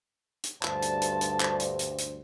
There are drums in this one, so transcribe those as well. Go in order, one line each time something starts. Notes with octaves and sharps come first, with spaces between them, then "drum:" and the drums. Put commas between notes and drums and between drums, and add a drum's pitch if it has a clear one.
drum: hi-hat
D2 G2 C5 A5, drum: clap
drum: hi-hat
drum: hi-hat
drum: hi-hat
drum: clap
drum: hi-hat
drum: hi-hat
drum: hi-hat